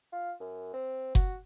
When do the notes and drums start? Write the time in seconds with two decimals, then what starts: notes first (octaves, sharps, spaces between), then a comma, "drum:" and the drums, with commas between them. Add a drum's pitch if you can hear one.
0.13 F4
0.40 F#2
0.74 C4
1.15 F#4, drum: kick F#1